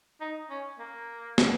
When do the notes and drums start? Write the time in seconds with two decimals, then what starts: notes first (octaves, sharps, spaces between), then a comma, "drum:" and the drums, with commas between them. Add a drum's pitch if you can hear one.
0.21 D#4
0.50 C#4
0.79 A#3
1.38 drum: snare